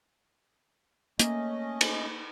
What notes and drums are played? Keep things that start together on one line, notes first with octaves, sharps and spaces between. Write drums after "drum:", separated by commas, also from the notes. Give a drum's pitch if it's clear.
A3 A#3 C#4 D#5, drum: hi-hat
drum: cymbal